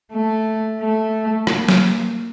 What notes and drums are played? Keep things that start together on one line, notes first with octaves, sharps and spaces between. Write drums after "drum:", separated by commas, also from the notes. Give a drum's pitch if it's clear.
A3
A3
A#3, drum: rim click
drum: snare